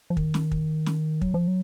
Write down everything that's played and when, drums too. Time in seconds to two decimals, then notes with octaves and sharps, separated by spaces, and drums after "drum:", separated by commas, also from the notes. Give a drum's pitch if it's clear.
0.10 F3
0.17 D#3, drum: kick
0.34 drum: snare
0.51 drum: kick
0.86 drum: snare
1.21 F#3, drum: kick
1.34 F3
1.47 F#3